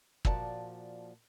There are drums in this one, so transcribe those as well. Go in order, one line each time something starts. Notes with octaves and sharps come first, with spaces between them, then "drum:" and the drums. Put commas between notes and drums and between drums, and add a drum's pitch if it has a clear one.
A#2 F3 F#4 D5 A5, drum: kick